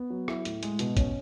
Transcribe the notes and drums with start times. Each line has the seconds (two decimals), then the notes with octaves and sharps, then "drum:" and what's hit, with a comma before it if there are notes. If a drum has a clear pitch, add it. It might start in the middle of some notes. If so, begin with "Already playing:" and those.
Already playing: B3
0.10 F#3
0.28 E4, drum: rim click
0.45 A2, drum: hi-hat
0.63 G#3, drum: hi-hat
0.79 B2, drum: hi-hat
0.97 C#4, drum: kick, hi-hat